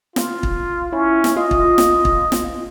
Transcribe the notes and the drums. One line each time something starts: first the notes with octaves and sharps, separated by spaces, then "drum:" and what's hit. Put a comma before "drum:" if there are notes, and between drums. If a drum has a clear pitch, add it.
F4, drum: snare
drum: kick
C#4 E4
drum: snare
F4 D#5
drum: kick
drum: snare
drum: kick
drum: snare